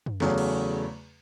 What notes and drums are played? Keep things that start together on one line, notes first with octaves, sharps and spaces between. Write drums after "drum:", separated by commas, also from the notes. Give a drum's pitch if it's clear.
drum: tom F#2
E2 C#3 F#3 A3, drum: snare
drum: cymbal